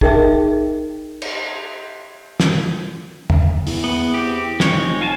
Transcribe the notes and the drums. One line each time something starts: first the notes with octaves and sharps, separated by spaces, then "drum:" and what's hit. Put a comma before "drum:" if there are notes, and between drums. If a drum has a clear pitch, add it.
D#4 G#4 A#4 D#5 E5 G5, drum: kick
drum: cymbal
drum: snare
drum: tom
E2, drum: open hi-hat
B3
C4 G4
F1 G#3 C4 C#5, drum: snare
F5 G#5 A5